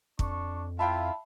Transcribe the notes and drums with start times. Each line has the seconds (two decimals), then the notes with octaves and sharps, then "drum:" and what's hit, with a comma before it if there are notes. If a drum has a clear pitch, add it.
0.19 F2 D4 C#6, drum: kick
0.79 E4 F4 E5 F5 G5 A5 B5